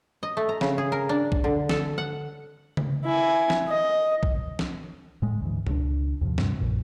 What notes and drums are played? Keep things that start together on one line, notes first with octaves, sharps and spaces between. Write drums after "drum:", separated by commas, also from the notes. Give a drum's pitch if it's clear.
D#5
A3
A#5
C#3, drum: snare
G#4
A#4
D4
drum: kick B1
D3
A4, drum: snare
F#5
drum: tom C#3
E4 G#5
drum: snare
D#5
drum: kick B1
drum: snare
A2 G#3
D2 G#2 E3
C#2 D4, drum: tom B2
D#2 G#2 C3 F3
G2 C3 F#3 G3, drum: snare
A#1 F#2 A#2